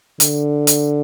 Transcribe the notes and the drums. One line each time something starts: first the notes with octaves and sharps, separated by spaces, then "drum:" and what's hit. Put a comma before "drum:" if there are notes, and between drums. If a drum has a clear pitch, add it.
D3, drum: hi-hat
drum: hi-hat